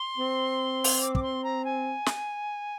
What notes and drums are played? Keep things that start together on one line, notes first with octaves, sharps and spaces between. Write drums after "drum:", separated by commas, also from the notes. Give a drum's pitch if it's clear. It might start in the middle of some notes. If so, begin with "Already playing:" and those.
Already playing: C6
C4
drum: open hi-hat
D6
D6, drum: kick
C6
A#5
G#5
drum: snare